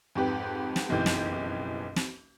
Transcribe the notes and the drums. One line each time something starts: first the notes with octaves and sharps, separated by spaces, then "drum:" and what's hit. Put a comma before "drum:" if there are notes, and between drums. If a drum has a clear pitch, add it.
F2 G#2 G4 B4
drum: snare
F#1 B1 F2 E3 G4 G6
drum: snare
drum: snare